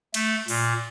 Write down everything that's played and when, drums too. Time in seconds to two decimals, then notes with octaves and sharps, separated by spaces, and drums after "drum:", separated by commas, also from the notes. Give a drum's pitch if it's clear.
0.14 A3, drum: cymbal
0.48 A#2, drum: open hi-hat